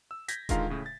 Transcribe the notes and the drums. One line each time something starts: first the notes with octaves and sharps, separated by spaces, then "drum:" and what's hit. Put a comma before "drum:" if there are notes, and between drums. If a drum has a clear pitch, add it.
E6
G6 G#6 A#6 B6, drum: hi-hat
D3 D#3 G#3 F4 F5 A#5, drum: kick D#1, hi-hat
A2 C#3
A6